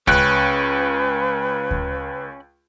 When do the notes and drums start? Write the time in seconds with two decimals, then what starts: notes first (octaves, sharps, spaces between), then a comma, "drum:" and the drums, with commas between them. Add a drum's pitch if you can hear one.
0.07 C#2 C#4 B4 G5 F#6, drum: kick D2
1.71 drum: kick D2